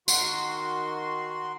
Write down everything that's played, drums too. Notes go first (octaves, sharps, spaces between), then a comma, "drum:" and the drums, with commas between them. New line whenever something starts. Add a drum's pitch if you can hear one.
D#3 F#4 C6, drum: tambourine